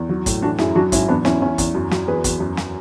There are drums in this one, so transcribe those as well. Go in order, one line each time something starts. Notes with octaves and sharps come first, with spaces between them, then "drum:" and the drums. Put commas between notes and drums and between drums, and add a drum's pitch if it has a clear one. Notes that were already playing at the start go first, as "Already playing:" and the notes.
Already playing: E2
F#3
A2, drum: kick, hi-hat
E3 D4 F#4
F#2 E4 G#4, drum: snare
F#3 D4 F#4
G#2 C#4 E4, drum: kick, hi-hat
E2 B3 D4
E2 C#4 E4, drum: snare
E2 C#4 E4
E2, drum: kick, hi-hat
F#2
F#2, drum: snare
E2 G#4 B4
E2, drum: kick, hi-hat
F#2
drum: snare